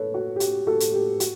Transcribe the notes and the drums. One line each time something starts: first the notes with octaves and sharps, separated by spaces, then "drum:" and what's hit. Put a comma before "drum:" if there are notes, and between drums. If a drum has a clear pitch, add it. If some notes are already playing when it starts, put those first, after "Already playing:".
Already playing: A4 B4 C#5
F#4
G4
F#4, drum: hi-hat
F#4 A4
drum: hi-hat
G4
F#4, drum: hi-hat